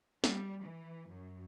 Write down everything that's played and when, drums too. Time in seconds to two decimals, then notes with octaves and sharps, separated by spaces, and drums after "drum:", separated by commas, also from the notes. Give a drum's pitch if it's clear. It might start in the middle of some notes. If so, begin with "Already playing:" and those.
0.24 G3, drum: snare
0.62 E3
1.10 F#2